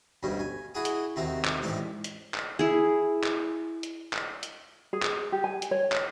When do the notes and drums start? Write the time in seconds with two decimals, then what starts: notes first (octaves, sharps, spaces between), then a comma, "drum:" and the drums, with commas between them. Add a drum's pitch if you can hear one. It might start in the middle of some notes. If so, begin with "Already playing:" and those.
0.23 D2 G2 B2 G3 C#4
0.39 G#5
0.74 E4 F#4 G#4 D#6
0.85 drum: hi-hat
1.16 D#2 C3 C4 F#4 E5 A#5
1.45 drum: clap
1.62 A1 G#2 C3 A4 D5 D6
2.04 drum: hi-hat
2.34 drum: clap
2.59 E4 G#4
3.24 drum: clap
3.83 drum: hi-hat
4.13 drum: clap
4.43 drum: hi-hat
4.93 G#4
5.02 drum: clap
5.32 G4
5.44 G#5
5.62 drum: hi-hat
5.71 C#5
5.92 drum: clap